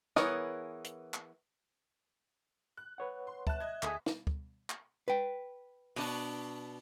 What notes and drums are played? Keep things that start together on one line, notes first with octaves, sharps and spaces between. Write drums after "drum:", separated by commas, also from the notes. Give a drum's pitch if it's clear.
E3 B3 G#4 A#4 C#5, drum: snare
drum: hi-hat
drum: clap
F#6
B4 C#5 F#5
C6
E5 A5 F#6, drum: kick
D#5 G#6
D2 G#4 A4 D#5 D#6 B6, drum: clap
drum: snare
drum: kick
drum: clap
B4 G5
B2 D4, drum: open hi-hat